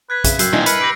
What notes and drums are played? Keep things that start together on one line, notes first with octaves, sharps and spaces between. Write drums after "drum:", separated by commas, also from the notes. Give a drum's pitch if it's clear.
B4 F#6 G#6 B6
C#3 E5, drum: kick A#1, hi-hat
F#2 G5 E6 C7, drum: hi-hat
A#2 D#3 E4 D#5 G#5, drum: tom G3
A#4 B4 G#6 C#7, drum: hi-hat
G4 A#6 D7